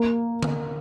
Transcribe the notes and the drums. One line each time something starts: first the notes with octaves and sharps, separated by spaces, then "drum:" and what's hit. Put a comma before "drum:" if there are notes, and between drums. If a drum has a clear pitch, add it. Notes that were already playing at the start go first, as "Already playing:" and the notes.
Already playing: A#3
drum: tom D3